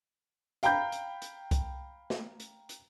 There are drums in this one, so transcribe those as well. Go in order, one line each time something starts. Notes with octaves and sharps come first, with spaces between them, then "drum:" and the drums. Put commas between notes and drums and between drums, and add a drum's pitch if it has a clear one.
F5 G5 A#5 B5 G6, drum: hi-hat
drum: hi-hat
drum: hi-hat
drum: kick C2, hi-hat
drum: snare
drum: hi-hat
drum: hi-hat